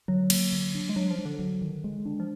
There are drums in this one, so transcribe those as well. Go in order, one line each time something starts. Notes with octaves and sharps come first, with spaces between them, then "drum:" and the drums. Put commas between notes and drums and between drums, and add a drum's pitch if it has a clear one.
D3 F#3
A#3, drum: cymbal
D3
D4
G#3
F#3 D4
F3
D4
D3
F#3
D#3
G#3
D4
F3